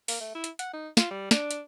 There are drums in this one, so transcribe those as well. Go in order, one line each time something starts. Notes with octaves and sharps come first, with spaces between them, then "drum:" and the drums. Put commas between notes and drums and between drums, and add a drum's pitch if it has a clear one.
A#3, drum: open hi-hat
A3
E4
drum: hi-hat
F#5, drum: hi-hat
D#4
F4, drum: snare
G3
D4, drum: snare
drum: hi-hat